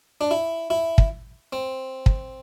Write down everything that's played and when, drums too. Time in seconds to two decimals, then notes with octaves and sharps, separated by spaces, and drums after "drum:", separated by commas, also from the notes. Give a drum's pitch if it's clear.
0.21 D4
0.31 E4
0.70 E4
0.98 drum: kick
1.53 C4
2.06 drum: kick